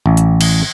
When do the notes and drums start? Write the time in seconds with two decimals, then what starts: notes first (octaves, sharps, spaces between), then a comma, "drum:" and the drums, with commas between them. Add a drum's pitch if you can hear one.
0.06 A1
0.17 drum: hi-hat
0.41 drum: cymbal